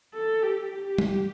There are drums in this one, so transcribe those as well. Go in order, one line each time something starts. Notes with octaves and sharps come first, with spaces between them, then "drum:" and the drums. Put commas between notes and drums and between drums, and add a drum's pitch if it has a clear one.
A4
G4
G4
drum: tom G3